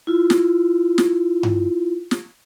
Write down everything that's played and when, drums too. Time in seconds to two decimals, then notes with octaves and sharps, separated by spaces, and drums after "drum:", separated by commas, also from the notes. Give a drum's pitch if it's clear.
0.07 E4 F4
0.30 drum: snare
0.98 drum: snare
1.43 drum: tom G2
2.11 drum: snare